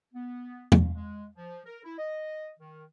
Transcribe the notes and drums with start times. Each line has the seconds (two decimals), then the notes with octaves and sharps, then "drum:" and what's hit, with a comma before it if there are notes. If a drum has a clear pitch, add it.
0.14 B3
0.72 drum: tom E2
0.95 G#3
1.35 F3
1.66 A#4
1.84 E4
1.98 D#5
2.59 D#3